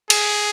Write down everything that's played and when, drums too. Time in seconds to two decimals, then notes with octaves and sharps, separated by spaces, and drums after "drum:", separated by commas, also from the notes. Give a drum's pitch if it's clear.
0.10 G#4, drum: cymbal